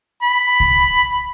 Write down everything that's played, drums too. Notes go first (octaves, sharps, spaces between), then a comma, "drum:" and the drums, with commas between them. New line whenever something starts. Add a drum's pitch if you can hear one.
B5
drum: kick C2